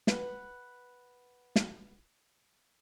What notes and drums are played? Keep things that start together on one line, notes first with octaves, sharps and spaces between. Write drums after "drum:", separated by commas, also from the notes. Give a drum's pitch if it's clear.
B4 F#5, drum: snare
drum: snare